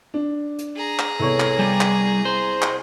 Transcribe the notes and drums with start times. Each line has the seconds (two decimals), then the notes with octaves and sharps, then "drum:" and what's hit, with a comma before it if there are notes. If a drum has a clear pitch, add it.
0.14 D4
0.58 drum: hi-hat
0.76 G#4 A#5
0.99 drum: clap
1.20 C2 B3 A4 C#5 C#6
1.40 drum: clap
1.59 G3 G#5
1.81 drum: clap
2.25 C5
2.62 drum: clap